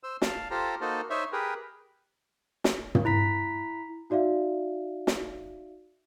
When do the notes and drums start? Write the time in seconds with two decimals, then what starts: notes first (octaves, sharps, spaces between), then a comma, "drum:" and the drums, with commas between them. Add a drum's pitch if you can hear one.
0.03 C5 E6
0.22 F5 A5, drum: snare
0.51 F4 G4 A4 C5 A#5
0.81 A#3 D#4 F#4 A4 C5
1.10 D#4 C5 C#5 E5
1.32 G4 G#4 A#4 B4
2.64 drum: snare
2.95 drum: tom
3.05 E4 A#5 B6
4.10 D#4 F#4 D5 E5 F5
5.07 drum: snare